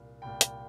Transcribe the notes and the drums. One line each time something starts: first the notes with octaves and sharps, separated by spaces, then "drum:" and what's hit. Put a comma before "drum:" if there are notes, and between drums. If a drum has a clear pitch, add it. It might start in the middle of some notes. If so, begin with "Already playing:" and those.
Already playing: C2 A#2
C2 A#2 G5
drum: hi-hat